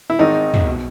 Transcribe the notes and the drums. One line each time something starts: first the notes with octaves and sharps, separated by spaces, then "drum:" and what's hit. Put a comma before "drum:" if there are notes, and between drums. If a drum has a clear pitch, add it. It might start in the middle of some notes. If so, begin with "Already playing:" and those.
E4
G#1 G#2 D#3 D#4
drum: tom
B2